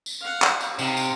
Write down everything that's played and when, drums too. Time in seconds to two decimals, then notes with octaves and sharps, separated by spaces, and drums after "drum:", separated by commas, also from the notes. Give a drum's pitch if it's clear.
0.06 drum: tambourine
0.21 F5 F#5
0.42 drum: clap
0.61 drum: tambourine
0.79 C3 D#4 F5, drum: tambourine
0.97 drum: tambourine